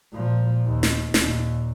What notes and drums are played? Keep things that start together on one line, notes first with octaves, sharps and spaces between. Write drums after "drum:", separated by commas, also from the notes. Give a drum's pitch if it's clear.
A#2 F3
D#2
drum: snare
D#2 A#2, drum: snare